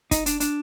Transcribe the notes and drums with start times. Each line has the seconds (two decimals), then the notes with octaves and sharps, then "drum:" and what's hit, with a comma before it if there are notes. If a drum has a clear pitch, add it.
0.11 D#4, drum: kick, hi-hat
0.26 D4, drum: hi-hat
0.40 D4, drum: hi-hat